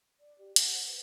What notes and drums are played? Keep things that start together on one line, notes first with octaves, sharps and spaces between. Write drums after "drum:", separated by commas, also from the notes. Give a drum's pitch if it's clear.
D5
G4
F#5, drum: hi-hat
C5
B4